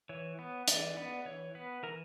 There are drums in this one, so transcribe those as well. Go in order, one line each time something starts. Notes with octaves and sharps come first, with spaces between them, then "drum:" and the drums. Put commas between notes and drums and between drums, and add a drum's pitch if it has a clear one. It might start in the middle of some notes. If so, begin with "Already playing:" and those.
E3 C#5
B3
E3 D5, drum: hi-hat
B3
E3 C#5
B3 B4
E3 A#4